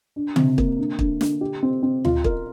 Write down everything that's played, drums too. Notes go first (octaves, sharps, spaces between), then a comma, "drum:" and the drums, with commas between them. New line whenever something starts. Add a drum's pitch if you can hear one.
D4
C3, drum: tom C#3
A#3, drum: kick
D3
D3, drum: kick
D3, drum: snare
G4
C4
C4
F4, drum: tom D2
A#4, drum: kick